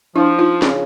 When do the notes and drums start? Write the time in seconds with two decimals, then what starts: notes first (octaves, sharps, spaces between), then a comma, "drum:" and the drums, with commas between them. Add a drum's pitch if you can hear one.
0.16 F3 D4 E4
0.39 D#4 F4
0.62 C#3, drum: snare